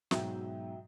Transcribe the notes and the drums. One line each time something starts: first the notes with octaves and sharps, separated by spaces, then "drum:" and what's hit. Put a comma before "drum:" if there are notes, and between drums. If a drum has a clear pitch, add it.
G#2 B2 F#3 F#4 E5 G5, drum: snare